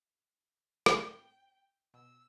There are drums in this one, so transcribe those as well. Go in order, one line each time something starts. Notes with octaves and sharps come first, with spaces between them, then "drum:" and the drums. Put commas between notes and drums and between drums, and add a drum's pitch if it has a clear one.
A2 C4 G5, drum: rim click
B2 E6